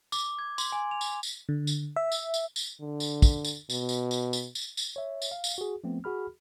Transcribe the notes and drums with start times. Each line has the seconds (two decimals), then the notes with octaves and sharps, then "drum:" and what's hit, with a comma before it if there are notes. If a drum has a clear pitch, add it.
0.12 D6, drum: tambourine
0.39 G#6
0.58 C6, drum: tambourine
0.72 G#5
0.91 F7
1.01 drum: tambourine
1.23 drum: tambourine
1.49 D3
1.67 drum: tambourine
1.96 E5
2.12 drum: tambourine
2.34 drum: tambourine
2.56 drum: tambourine
2.81 D3
3.00 drum: tambourine
3.22 drum: kick, tambourine
3.45 drum: tambourine
3.70 B2, drum: tambourine
3.89 drum: tambourine
4.11 drum: tambourine
4.33 drum: tambourine
4.55 drum: tambourine
4.77 drum: tambourine
4.96 C#5 E5
5.22 drum: tambourine
5.32 F5
5.44 drum: tambourine
5.58 F#4 G#4
5.84 F3 A3 B3 C4
6.04 F#4 G#4 B5 F6